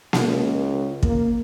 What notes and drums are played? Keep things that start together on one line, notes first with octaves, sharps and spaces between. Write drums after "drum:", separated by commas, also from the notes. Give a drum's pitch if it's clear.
drum: snare A#3
C#2
A#3, drum: kick